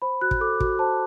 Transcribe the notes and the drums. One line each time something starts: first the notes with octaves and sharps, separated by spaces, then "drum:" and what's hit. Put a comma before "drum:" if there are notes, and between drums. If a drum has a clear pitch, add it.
C5 B5
F#4 F#6
drum: kick
A4 D6
F#4, drum: kick
C5 A5